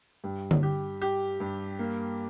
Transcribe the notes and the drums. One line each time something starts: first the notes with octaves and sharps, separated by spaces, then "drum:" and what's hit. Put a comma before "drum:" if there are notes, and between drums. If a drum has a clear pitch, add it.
G2
drum: tom D3
G4
G4
G2
A#3